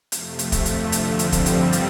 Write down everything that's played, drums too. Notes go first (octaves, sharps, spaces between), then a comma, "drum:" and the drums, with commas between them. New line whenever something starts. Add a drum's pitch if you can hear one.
F2 C3 F3 A3, drum: hi-hat
drum: hi-hat
drum: kick, hi-hat
F2 D3 F3, drum: hi-hat
drum: hi-hat
G2 D3 F3 G3 C4, drum: hi-hat
drum: kick, hi-hat
drum: hi-hat
drum: hi-hat